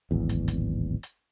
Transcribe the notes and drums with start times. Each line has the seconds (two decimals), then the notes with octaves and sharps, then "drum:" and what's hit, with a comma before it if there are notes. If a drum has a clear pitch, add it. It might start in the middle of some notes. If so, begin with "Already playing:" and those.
0.11 D1 G#1 E2
0.29 drum: hi-hat
0.48 drum: hi-hat
1.03 drum: hi-hat